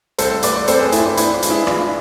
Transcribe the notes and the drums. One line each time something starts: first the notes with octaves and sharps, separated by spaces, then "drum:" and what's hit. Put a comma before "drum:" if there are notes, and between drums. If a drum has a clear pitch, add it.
C2 A4 C5, drum: hi-hat
A3 B4 D5, drum: hi-hat
C4 A4 C5, drum: hi-hat
G#4 B4
A3 E4, drum: hi-hat
D4
B3 E4, drum: hi-hat
D4 F4
G#3, drum: hi-hat
E4 G#4
B3 D4 F4, drum: rim click